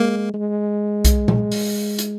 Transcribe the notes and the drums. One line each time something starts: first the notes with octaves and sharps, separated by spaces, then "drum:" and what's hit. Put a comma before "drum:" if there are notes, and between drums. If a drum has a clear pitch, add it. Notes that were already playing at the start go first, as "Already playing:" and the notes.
Already playing: G#3 A#3
G#3
drum: kick B1, hi-hat
drum: tom A#2
drum: open hi-hat
drum: hi-hat